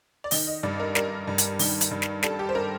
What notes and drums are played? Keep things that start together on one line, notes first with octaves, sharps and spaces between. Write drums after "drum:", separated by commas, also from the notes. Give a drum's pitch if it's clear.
D5
D#3 D#5, drum: open hi-hat
D#5
G2 D5
A#4
G3 A#4, drum: snare
G2
drum: hi-hat
D#3, drum: open hi-hat
drum: hi-hat
G2
drum: snare
G3 A4, drum: snare
G4
C5
A#4